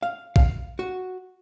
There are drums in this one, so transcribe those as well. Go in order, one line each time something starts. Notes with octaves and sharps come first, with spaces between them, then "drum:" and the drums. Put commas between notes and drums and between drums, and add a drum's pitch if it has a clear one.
F5
F5, drum: kick A#1
F#4